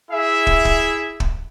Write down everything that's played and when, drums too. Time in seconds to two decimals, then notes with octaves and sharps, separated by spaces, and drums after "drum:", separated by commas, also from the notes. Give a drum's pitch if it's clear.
0.10 E4 G#4 E5
0.47 drum: kick
0.65 drum: kick
1.20 drum: kick